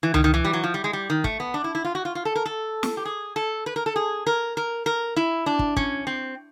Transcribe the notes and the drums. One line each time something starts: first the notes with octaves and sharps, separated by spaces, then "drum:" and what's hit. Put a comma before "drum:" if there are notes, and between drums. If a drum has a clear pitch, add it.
E3
D#3, drum: tom C#2
D#3
E3
G3
F#3
F3
G3
G#3
G3
D#3
A3, drum: kick
B3
D4
E4
E4
F4
F#4
F4
F4
A4
A#4
A4
drum: snare
G4
G#4
A4
B4
A#4
A4
G#4
A#4
A#4
A#4
E4
D4
drum: kick
C#4, drum: kick
C4